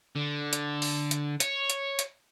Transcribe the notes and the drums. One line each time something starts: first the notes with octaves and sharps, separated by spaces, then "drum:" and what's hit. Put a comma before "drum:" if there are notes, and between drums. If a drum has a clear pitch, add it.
D3
drum: hi-hat
drum: open hi-hat
drum: hi-hat
C#5, drum: hi-hat
drum: hi-hat
drum: hi-hat